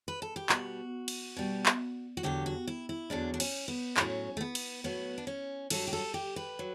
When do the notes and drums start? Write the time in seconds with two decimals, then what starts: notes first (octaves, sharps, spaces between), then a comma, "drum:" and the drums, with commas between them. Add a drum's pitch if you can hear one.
0.08 B4
0.22 A4
0.36 G4
0.49 B2 G3 F#4, drum: clap
1.08 drum: cymbal
1.36 B2 G3
1.66 drum: clap
2.17 F#4
2.23 E2 D3 F#3 G4
2.46 F#4
2.67 E4
2.89 E4
3.10 E2 D3 F#3 D4
3.34 D4
3.40 C#4, drum: cymbal
3.68 B3
3.97 A2 F#3 C#4, drum: clap
4.37 A3
4.41 B3
4.55 drum: cymbal
4.84 A2 F#3 B3
5.18 D4
5.27 C#4
5.70 G2 F#3 A4, drum: cymbal
5.87 G4
5.93 A4
6.14 G4
6.36 B4
6.59 F#3